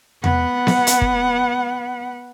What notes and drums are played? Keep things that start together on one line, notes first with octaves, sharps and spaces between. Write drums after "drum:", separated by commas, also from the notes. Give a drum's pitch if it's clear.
B3 F#5, drum: tom E2
drum: snare B3
drum: hi-hat
drum: kick